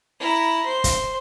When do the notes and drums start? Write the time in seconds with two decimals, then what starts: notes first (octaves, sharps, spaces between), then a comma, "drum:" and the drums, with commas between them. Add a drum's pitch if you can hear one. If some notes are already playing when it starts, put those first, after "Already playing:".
0.20 E4 A#5
0.65 C5
0.84 drum: kick, hi-hat